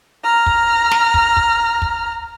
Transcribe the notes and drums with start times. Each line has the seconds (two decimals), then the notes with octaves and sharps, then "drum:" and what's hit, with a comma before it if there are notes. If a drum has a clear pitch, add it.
0.24 A#5 F6
0.46 drum: kick
0.92 drum: snare
1.14 drum: kick
1.37 drum: kick
1.82 drum: kick